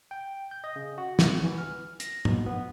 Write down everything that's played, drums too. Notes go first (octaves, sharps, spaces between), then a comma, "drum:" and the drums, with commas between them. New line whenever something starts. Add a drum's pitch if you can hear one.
G5
G6
D#5
C#3
F#4
drum: snare
E3
F6
A#6, drum: hi-hat
B2, drum: tom
B3